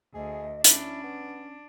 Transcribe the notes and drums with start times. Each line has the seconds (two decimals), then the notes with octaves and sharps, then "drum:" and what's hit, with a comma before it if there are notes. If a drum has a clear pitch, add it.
0.14 D2 G#4 D#5
0.64 C#4 D4 E4, drum: hi-hat
1.03 B3